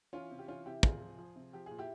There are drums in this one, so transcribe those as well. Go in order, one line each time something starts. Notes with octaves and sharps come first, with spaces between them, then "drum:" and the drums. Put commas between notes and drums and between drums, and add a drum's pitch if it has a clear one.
E3 C#4 F4
C3
G4
E3 C#4 F4
C3 E4 G4
C3 F4 G#4, drum: kick
F3
F3
C3
F3 G4
A#2 G#4
E4 G4